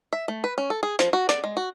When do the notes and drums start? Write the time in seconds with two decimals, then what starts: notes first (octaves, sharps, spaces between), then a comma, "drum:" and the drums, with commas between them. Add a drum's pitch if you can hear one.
0.13 E5
0.28 A3
0.44 B4
0.58 C#4
0.70 A4
0.83 G#4
0.99 F3, drum: hi-hat
1.13 F#4
1.29 D5, drum: hi-hat
1.44 G#3
1.57 F#4